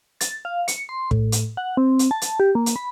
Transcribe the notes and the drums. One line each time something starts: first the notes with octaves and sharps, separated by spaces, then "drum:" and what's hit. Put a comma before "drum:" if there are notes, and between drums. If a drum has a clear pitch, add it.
A6, drum: hi-hat
F5
C#7, drum: hi-hat
C6
A2, drum: kick
drum: hi-hat
F#5
C4
drum: hi-hat
A5
drum: hi-hat
G4
A#3
drum: hi-hat
B5